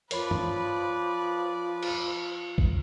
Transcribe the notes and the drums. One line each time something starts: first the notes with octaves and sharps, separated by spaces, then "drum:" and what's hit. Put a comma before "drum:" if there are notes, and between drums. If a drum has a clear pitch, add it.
F3 A#4 B4 C#5 D5 B5, drum: hi-hat
drum: tom
drum: cymbal
drum: kick G#1